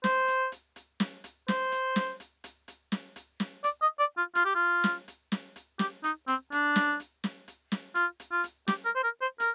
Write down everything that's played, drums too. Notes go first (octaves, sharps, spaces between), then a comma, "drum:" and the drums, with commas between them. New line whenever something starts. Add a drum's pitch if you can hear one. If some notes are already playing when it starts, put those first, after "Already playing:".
C5, drum: snare
drum: hi-hat
drum: hi-hat
drum: hi-hat
drum: snare
drum: hi-hat
C5, drum: snare
drum: hi-hat
drum: snare
drum: hi-hat
drum: hi-hat
drum: hi-hat
drum: snare
drum: hi-hat
drum: snare
D5, drum: hi-hat
D#5
D5
F4
F4, drum: hi-hat
G4
F4
drum: snare
drum: hi-hat
drum: snare
drum: hi-hat
G4, drum: snare
D#4, drum: hi-hat
C4, drum: hi-hat
D4, drum: hi-hat
drum: snare
drum: hi-hat
drum: snare
drum: hi-hat
drum: snare
F4, drum: hi-hat
drum: hi-hat
F4
drum: hi-hat
G4, drum: snare
A#4
C5
A#4
C5
A#4, drum: hi-hat